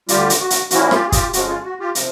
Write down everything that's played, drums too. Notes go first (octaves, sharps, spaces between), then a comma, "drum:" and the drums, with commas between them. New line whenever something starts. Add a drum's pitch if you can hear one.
D2 D3 G3 F4 G4, drum: hi-hat
drum: hi-hat
F#4
drum: hi-hat
A#2 F3 A#3 C#4 E4 F#4, drum: hi-hat
F4 G4, drum: rim click
G#4
F4 G4, drum: kick, hi-hat
F2 C#3 F3 G#3 F#4, drum: hi-hat
F4
F#4
F4 G4
C3 F3, drum: hi-hat